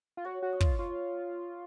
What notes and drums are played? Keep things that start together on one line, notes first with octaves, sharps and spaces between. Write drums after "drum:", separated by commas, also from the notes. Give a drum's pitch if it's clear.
F4
F#4 C#5
F#4
D#5
F4, drum: kick
F4 C#5